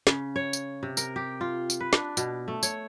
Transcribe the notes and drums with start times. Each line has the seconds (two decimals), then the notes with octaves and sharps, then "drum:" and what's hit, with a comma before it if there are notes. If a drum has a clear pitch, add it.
0.07 C#3, drum: snare
0.36 C#5
0.53 drum: tambourine
0.83 C3
0.97 A#4, drum: tambourine
1.16 G4
1.41 F4
1.70 drum: tambourine
1.80 B4
1.93 D4, drum: snare
2.17 B2, drum: tambourine
2.48 A3
2.63 C#5, drum: tambourine